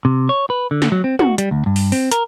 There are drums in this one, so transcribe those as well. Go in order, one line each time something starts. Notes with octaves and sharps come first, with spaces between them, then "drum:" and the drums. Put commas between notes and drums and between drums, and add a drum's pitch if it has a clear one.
C3
C#5
B4
D3
drum: snare
F#3
C4
F#4, drum: tom
G3, drum: hi-hat
D2
G2
drum: open hi-hat
C4, drum: open hi-hat
A#4, drum: hi-hat